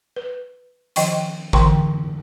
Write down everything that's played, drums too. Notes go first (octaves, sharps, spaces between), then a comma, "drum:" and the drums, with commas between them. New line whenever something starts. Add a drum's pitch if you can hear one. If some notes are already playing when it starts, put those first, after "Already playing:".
B4
D#3 F3 D#5 G5 C#6, drum: hi-hat
D3 E3 G5 C6, drum: kick A1